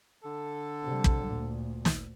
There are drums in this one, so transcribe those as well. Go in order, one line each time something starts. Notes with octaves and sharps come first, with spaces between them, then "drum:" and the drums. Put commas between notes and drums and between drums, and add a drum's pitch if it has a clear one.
D3 A4
C3 G3
drum: kick
D2 A#2
drum: snare